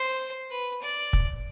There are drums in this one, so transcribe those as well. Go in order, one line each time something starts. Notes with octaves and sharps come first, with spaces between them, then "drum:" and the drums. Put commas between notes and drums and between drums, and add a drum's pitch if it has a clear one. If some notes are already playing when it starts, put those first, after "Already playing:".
Already playing: C5
B4
D5
drum: kick